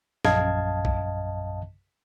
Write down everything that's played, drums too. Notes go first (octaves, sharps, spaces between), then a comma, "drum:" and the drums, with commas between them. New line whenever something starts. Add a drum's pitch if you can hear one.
A#1 F#2 D#5 F5 A5 G#6, drum: snare
drum: kick A#1